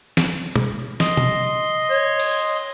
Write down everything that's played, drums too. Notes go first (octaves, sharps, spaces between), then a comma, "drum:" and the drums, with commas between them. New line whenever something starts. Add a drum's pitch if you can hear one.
drum: snare
drum: tom B2
D#5 C6, drum: snare
drum: tom B2
C#5
drum: cymbal